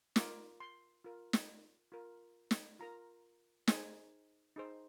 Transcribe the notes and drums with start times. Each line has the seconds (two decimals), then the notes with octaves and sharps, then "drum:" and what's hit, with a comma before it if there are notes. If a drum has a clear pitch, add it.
0.16 F4 A#4 D6, drum: snare
0.60 C6
1.04 F4 A#4
1.33 drum: snare
1.92 F4 A#4
2.51 drum: snare
2.79 F4 A#4 A#5
3.68 D#4 G#4 C5 G#5, drum: snare
4.56 D#4 G#4 C5